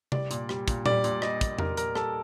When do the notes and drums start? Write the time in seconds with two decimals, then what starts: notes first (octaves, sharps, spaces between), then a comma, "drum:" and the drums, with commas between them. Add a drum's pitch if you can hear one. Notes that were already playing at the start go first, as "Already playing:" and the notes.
0.12 G3 D5, drum: tom C3
0.31 A#2, drum: hi-hat
0.49 G3, drum: rim click
0.68 A#2, drum: kick, hi-hat
0.86 G3 D5, drum: tom A#2
1.04 A#2, drum: hi-hat
1.22 G3 D#5, drum: rim click
1.41 A#2, drum: kick, hi-hat
1.58 G3 A#4, drum: tom E2
1.77 A#2 A#4, drum: hi-hat
1.95 G3 A4, drum: rim click